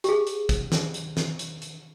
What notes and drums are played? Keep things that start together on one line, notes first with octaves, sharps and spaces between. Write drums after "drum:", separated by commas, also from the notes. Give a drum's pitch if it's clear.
G4 G#4, drum: hi-hat
drum: hi-hat
drum: kick, hi-hat
drum: snare
drum: hi-hat
drum: snare
drum: hi-hat
drum: hi-hat